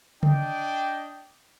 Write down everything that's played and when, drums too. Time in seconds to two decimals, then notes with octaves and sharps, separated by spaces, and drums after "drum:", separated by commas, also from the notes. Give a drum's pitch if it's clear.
0.23 D4 D#5 G5, drum: tom C#3